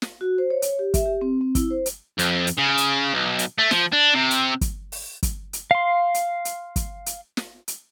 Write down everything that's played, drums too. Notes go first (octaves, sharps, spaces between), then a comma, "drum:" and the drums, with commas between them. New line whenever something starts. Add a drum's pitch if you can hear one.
drum: snare
F#4
C5
C#5
C#5, drum: hi-hat
G4
E5, drum: kick, hi-hat
G4
C4
C4
E4, drum: kick, hi-hat
C5
drum: hi-hat
F2, drum: hi-hat
drum: hi-hat
C#3
drum: hi-hat
B1
drum: hi-hat
A3
F3, drum: snare
D4
C3
drum: hi-hat
drum: kick, hi-hat
drum: open hi-hat
drum: kick, hi-hat
drum: hi-hat
F5 C6
drum: hi-hat
drum: hi-hat
drum: kick, hi-hat
drum: hi-hat
drum: snare
drum: hi-hat